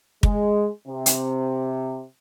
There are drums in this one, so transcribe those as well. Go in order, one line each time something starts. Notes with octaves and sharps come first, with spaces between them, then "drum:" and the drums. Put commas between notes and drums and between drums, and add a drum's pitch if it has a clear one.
G#3, drum: kick
C3
drum: hi-hat